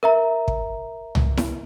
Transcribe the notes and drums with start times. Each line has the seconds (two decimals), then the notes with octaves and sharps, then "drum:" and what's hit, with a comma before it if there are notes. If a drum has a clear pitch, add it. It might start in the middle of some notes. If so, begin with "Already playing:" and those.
0.03 A#4 E5 A#5
0.48 drum: kick
1.15 drum: tom
1.37 drum: snare E4